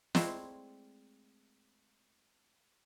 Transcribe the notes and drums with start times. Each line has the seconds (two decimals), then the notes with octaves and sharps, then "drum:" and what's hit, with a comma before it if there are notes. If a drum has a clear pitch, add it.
0.15 G#3 A3 C4 E4 G#4 D5, drum: snare